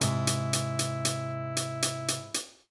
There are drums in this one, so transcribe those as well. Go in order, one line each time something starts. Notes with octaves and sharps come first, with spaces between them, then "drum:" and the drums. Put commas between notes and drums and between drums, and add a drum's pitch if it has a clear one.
G#2 C3 E4, drum: hi-hat
drum: hi-hat
drum: hi-hat
drum: hi-hat
drum: hi-hat
drum: hi-hat
drum: hi-hat
drum: hi-hat
drum: hi-hat